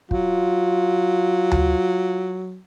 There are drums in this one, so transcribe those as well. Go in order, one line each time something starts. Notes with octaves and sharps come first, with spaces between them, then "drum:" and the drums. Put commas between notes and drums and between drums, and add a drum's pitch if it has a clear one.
F#3 F4, drum: kick
drum: tom D2